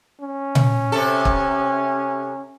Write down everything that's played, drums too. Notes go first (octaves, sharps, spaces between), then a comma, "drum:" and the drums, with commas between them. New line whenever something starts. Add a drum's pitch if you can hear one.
C#4
drum: tom A#2
C3 A4
drum: kick